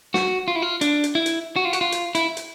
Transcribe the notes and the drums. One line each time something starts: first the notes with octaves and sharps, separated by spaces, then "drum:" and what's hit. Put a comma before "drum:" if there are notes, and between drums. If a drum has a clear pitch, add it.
F#4, drum: snare
F4
E4
F4
D4, drum: hi-hat
drum: hi-hat
E4
drum: hi-hat
F#4
F4
F#4, drum: hi-hat
F4
drum: hi-hat
E4, drum: hi-hat
drum: hi-hat